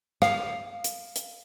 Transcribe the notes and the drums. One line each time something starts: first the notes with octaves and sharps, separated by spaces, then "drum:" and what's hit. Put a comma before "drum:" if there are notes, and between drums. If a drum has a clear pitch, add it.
F5, drum: rim click
drum: hi-hat
drum: hi-hat